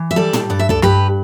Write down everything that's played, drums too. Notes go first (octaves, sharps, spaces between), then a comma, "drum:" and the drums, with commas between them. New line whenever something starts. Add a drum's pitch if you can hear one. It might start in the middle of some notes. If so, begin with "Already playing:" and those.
Already playing: E3
E5
G3 A4 D5
drum: tom
G2 D5
E5
A4 D5, drum: kick
G2 G4 B4, drum: rim click